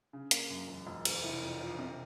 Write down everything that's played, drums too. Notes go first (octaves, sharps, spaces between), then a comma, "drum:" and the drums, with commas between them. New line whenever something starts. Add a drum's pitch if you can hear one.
C#3
A#3, drum: hi-hat
F#2
E1
E1
E1, drum: cymbal
F1 E4
F2
F3
C3